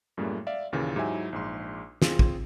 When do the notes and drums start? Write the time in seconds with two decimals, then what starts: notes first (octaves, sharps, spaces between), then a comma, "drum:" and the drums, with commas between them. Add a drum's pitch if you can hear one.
0.17 F#2 A2 G3 G#3 A#3
0.47 D5 E5 F5
0.72 D#2 A#2 C#3 E3
0.96 G#2 F#3 E4 G4 E5 G#5
1.33 A#1 G#2 C6
2.02 C4 F4 G#4, drum: snare
2.19 drum: kick